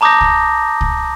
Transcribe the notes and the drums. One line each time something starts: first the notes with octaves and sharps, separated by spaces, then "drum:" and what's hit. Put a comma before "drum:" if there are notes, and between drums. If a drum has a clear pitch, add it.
A5 A#5 D6 D#6 G6 A#6
drum: kick C2
drum: kick C2